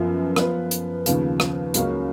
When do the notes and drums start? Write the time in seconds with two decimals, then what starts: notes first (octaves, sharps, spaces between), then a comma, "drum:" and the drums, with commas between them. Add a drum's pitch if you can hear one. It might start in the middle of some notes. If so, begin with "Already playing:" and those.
Already playing: F#2 F3 B3 F4
0.36 F3 B3 F4 B4, drum: rim click
0.71 drum: hi-hat
1.06 D#2 C#3 F3 B3, drum: hi-hat
1.40 drum: rim click
1.74 C#2 C#3 F#3 A#3 C#4, drum: hi-hat